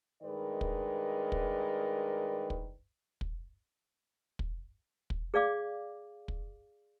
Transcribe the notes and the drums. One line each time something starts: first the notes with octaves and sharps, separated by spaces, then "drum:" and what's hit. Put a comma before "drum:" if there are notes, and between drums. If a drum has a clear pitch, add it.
G2 D#3 G#3 A#4 B4 D5
drum: kick
drum: kick
drum: kick
drum: kick
drum: kick
drum: kick
G#4 D5 F5 D6
drum: kick